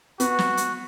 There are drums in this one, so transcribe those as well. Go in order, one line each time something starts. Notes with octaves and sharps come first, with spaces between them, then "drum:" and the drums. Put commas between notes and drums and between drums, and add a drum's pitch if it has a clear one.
B3 F#4, drum: hi-hat
drum: snare
drum: hi-hat